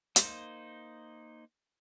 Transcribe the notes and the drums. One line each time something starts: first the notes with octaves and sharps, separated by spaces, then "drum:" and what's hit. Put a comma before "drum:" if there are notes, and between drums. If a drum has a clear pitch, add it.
A#3 D#4 C5, drum: hi-hat